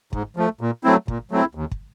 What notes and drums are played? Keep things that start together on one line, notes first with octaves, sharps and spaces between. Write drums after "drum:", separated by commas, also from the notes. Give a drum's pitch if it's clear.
G#2, drum: kick
F3 A3
A#2
F#3 A3 C4 E4
A#2, drum: kick
F#3 A3 C4 E4
D#2
drum: kick